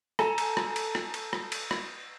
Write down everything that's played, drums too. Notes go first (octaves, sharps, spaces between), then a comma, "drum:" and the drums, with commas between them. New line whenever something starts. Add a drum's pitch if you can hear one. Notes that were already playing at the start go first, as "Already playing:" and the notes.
A4 G#5 A#5, drum: rim click
drum: cymbal
drum: rim click
drum: cymbal
drum: rim click
drum: cymbal
drum: rim click
drum: cymbal
drum: rim click